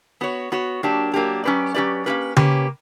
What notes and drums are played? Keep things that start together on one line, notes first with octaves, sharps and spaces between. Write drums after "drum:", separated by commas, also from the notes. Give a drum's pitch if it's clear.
B3 F#4 C#5
B3 F#4 C#5
F#3 A#3 D4 G4
F#3 A#3 D4 G4
F#3 C#4 G4 B4 D5
F#3 C#4 G4 B4 D5
A#3 C#4 G4 B4
A#3 C#4 G4 B4, drum: tom C#3